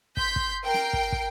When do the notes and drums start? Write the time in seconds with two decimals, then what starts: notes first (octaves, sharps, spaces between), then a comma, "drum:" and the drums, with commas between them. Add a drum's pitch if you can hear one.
0.17 C6 G6 B6, drum: kick
0.36 drum: kick
0.63 A#4 G5 C7 D7
0.74 drum: snare
0.93 drum: kick
1.12 drum: kick